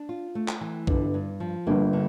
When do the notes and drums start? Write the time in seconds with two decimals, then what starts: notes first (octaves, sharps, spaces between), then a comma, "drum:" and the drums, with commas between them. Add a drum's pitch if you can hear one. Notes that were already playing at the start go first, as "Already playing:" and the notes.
Already playing: D4
0.09 F4
0.35 A3
0.48 drum: clap
0.61 E3
0.87 G1 G2 D3, drum: kick B1
1.14 G2
1.40 F3
1.67 G1 G2 A#3
1.93 D3